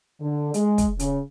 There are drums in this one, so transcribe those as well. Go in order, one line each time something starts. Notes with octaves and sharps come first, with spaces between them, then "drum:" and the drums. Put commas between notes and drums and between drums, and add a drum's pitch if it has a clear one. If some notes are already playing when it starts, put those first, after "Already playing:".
D3
G#3, drum: hi-hat
drum: kick, hi-hat
C#3, drum: hi-hat